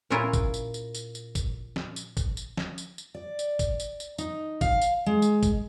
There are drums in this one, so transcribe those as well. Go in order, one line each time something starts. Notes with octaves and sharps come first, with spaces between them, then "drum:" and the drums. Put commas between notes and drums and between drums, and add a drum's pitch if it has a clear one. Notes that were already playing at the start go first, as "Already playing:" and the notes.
A#2 C#4 E4 F4 A#4
drum: kick, tambourine
drum: tambourine
drum: tambourine
drum: tambourine
drum: tambourine
drum: kick, tambourine
drum: snare
drum: tambourine
drum: kick, tambourine
drum: tambourine
drum: snare
drum: tambourine
drum: tambourine
D5
drum: tambourine
drum: kick, tambourine
drum: tambourine
drum: tambourine
D#4, drum: tambourine
F5, drum: kick, tambourine
drum: tambourine
G#3
drum: tambourine
drum: kick, tambourine